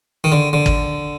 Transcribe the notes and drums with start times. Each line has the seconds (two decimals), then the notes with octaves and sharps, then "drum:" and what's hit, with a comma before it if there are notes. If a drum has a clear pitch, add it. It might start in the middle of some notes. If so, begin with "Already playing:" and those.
0.24 D#3
0.32 D3
0.53 D3
0.66 drum: kick